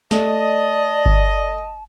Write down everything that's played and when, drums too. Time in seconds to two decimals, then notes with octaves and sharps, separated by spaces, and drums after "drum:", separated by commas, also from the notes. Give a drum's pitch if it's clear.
0.11 A3 D5 D#5 A5, drum: snare
1.06 drum: kick G1